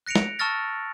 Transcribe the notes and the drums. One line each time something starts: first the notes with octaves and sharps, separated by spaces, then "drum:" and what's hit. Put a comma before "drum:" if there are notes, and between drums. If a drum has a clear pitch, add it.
F#6 A#6 C#7 D7 F7
drum: snare
A5 C#6 E6 F6 A6 A#6